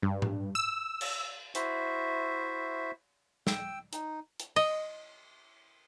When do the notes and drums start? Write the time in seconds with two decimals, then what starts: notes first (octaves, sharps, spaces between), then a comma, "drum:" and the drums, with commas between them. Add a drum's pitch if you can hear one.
0.02 G2
0.22 drum: tom G#2
0.55 E6
1.01 drum: cymbal
1.55 E4 F#4 C5 E5, drum: hi-hat
3.47 G5 E6, drum: snare
3.93 D#4, drum: hi-hat
4.40 drum: hi-hat
4.56 D#5, drum: cymbal